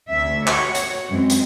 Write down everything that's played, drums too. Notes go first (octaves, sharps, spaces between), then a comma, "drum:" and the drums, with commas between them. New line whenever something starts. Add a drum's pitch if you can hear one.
D2 E5
F#4 C#5, drum: clap
drum: hi-hat
F#2 E3 G#3 C4
drum: hi-hat